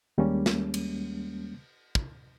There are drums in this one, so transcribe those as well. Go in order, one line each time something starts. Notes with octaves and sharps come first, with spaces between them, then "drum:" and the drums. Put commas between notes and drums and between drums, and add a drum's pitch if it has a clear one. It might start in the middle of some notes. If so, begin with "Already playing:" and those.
D#2 G3 G#3 A#3 C#4
drum: snare
drum: cymbal
drum: kick